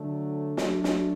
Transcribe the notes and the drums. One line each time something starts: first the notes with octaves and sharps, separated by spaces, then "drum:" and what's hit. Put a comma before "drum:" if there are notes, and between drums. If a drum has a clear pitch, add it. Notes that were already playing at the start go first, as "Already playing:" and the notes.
Already playing: D3 F#3 A3 D4
F#3 A3 D4 A4, drum: snare
drum: snare